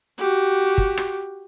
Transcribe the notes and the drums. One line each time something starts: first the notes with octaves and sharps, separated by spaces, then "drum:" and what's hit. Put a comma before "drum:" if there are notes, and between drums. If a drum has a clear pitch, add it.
F#4 G4
drum: kick
drum: rim click